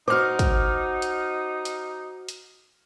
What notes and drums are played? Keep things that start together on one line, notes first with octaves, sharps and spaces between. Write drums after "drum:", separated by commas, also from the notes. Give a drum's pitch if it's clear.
D#4 F#4 C5 D6 F6
drum: kick, hi-hat
drum: hi-hat
drum: hi-hat
drum: hi-hat